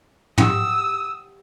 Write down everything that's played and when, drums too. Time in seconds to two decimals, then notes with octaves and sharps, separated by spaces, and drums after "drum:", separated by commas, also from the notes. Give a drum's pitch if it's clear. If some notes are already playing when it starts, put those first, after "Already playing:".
0.38 G4 F#5 G5 D#6 E6, drum: tom